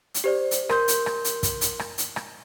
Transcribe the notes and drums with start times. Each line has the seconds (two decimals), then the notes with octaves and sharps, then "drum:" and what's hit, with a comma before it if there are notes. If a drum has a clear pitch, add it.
0.14 drum: hi-hat
0.24 G4 C5 D5
0.51 drum: hi-hat
0.69 A#4 C6 G6, drum: rim click
0.88 drum: hi-hat
1.06 drum: rim click
1.24 drum: hi-hat
1.43 drum: kick, hi-hat
1.61 drum: hi-hat
1.79 drum: rim click
1.98 drum: hi-hat
2.16 drum: rim click